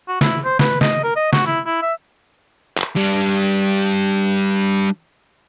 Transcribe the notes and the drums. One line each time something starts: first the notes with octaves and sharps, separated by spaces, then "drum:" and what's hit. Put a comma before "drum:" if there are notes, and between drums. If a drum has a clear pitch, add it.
F#4
E4, drum: snare
C5
B4, drum: snare
D#5, drum: snare
A#4
D#5
F#4, drum: snare
E4
E4
E5
drum: clap
G3 D4